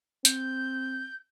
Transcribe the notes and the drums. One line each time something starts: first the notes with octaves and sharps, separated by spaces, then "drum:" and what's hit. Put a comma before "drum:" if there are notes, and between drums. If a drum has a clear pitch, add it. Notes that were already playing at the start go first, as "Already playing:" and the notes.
C4 G6, drum: hi-hat